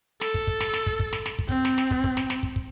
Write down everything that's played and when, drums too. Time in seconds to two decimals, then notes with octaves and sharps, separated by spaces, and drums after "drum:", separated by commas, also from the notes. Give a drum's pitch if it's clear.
0.21 A4, drum: snare
0.34 drum: kick
0.47 drum: kick
0.60 drum: snare
0.73 drum: snare
0.86 drum: kick
1.00 drum: kick
1.13 drum: snare
1.26 drum: snare
1.39 drum: kick
1.49 C4, drum: kick
1.65 drum: snare
1.78 drum: snare
1.91 drum: kick
2.04 drum: kick
2.17 drum: snare
2.30 drum: snare
2.43 drum: kick
2.56 drum: kick